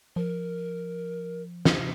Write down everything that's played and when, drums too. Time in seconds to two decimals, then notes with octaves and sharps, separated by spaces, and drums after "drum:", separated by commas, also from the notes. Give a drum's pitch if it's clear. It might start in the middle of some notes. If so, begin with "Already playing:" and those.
0.16 F3 A#4
1.65 drum: snare